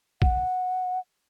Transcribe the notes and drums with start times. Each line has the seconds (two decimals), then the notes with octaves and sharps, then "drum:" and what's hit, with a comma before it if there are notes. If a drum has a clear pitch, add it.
0.22 F#5, drum: kick A#1